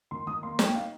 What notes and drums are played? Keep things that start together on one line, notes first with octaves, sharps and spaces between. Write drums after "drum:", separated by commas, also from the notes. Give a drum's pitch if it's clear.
D#3 C6
D#3 D#6
A#3 C6
D#4, drum: snare
G5
D#4 F5